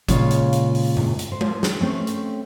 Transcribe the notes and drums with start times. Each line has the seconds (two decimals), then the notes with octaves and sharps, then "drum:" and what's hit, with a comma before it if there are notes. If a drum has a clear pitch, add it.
0.08 A#2 C#3 G#3 F4 C#5, drum: kick G#1, hi-hat
0.31 drum: hi-hat
0.53 drum: hi-hat
0.75 drum: open hi-hat
0.97 drum: tom G2
1.19 drum: hi-hat
1.32 C5
1.41 drum: tom G#3
1.63 drum: snare
1.81 A3 C4 C#4
2.07 drum: hi-hat